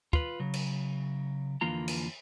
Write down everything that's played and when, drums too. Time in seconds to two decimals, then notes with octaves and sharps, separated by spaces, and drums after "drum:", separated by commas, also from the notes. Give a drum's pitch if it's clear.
0.13 F4 B4, drum: kick
0.40 C#3 F#3
0.54 drum: cymbal
1.61 F2 D3 E3 A#3 F4 A#5
1.88 drum: cymbal